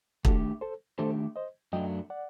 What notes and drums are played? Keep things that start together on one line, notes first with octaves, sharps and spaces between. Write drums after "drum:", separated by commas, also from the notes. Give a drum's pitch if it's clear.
D#3 A3 D4 F#4 G4 A4, drum: kick
A4 C5
D#3 A3 D4 G4 A4 C5
C5 D#5
F#2 F#3 A3 D4 D#5 G5
D5 F#5